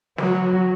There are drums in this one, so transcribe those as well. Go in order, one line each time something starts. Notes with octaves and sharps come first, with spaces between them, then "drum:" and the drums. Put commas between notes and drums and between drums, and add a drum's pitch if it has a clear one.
F#3, drum: snare